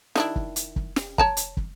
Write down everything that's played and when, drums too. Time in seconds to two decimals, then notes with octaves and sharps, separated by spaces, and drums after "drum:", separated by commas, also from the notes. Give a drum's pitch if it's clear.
0.15 D#3 D4 E4, drum: snare
0.36 drum: kick
0.56 drum: hi-hat
0.76 drum: kick
0.96 drum: snare
1.18 C#5 A5 A#5, drum: kick
1.37 drum: hi-hat
1.57 drum: kick